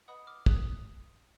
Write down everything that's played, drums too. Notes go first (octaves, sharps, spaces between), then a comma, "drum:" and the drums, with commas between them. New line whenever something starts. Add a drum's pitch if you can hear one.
B4 D#5 F#5 B5 D#6
D6 F6
D#6 F#6, drum: kick